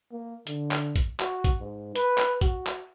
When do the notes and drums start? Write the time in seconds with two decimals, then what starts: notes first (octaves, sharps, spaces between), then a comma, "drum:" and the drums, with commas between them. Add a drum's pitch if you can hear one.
0.12 A#3
0.47 D3, drum: hi-hat
0.71 drum: clap
0.96 drum: kick A1, hi-hat
1.20 F#4, drum: clap
1.44 drum: kick A1, hi-hat
1.60 G#2
1.96 B4, drum: hi-hat
2.18 drum: clap
2.41 F#4, drum: kick A1, hi-hat
2.67 drum: clap